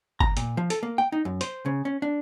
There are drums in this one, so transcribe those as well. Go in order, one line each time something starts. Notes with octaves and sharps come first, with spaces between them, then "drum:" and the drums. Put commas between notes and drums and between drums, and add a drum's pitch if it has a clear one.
A#5, drum: kick
A#2, drum: hi-hat
F3
A4, drum: hi-hat
A#3
G5
D#4
F#2
C5, drum: hi-hat
C#3
C#4
D4